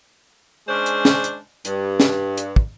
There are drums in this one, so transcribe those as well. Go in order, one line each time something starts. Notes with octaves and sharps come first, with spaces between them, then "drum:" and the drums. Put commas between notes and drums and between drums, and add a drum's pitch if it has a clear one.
G#3 C#4 D4 C5
drum: hi-hat
drum: snare
drum: hi-hat
G2, drum: hi-hat
drum: snare
drum: hi-hat
drum: kick